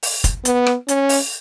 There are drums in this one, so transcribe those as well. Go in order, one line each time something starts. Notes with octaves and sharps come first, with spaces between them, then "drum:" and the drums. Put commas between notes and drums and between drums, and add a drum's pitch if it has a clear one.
drum: open hi-hat
drum: kick, hi-hat
B3, drum: hi-hat
drum: rim click
C#4, drum: hi-hat
drum: open hi-hat